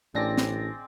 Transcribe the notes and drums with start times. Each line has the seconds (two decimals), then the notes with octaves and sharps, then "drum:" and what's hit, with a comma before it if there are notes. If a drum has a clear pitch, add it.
0.15 A1 A2 G#3 C4 D4 D5 A#6
0.38 drum: snare